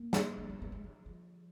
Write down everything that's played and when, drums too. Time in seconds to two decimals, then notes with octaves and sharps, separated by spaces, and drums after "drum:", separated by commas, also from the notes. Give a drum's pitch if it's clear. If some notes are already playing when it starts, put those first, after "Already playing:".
Already playing: A#3
0.13 drum: snare
0.38 A#3
0.50 B3
0.62 B3
0.72 G#3
0.84 F#3
1.06 F3